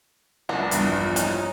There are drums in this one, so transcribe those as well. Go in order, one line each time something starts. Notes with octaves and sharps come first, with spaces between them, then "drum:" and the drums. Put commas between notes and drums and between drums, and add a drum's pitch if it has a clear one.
F#1 C#2 B3 D4
A#1 E2 G2, drum: hi-hat
C#4 D#4, drum: hi-hat